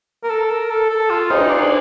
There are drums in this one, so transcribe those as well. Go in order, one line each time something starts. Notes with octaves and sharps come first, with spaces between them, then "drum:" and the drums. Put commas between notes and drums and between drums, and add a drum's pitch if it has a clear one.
A#4
A4
A#4
A4
A4
F4
D#4, drum: cymbal
D4